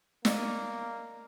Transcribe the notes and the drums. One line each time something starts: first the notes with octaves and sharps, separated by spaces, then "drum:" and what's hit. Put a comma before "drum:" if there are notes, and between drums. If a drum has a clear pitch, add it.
A#3 D5 D#5 D7, drum: snare